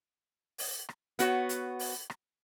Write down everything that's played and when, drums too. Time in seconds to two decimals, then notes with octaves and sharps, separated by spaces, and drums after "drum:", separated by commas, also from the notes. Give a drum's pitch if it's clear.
0.58 drum: open hi-hat
0.89 drum: rim click
1.19 B3 F#4 C#5, drum: hi-hat
1.49 drum: hi-hat
1.79 drum: open hi-hat
2.10 drum: rim click